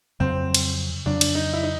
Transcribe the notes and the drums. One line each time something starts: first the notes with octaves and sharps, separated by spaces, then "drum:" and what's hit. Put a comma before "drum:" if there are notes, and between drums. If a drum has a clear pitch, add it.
F2 C#3 F#3 C4
drum: cymbal
F2 C#3 F#3 D4
drum: cymbal
D#4
E4
D#4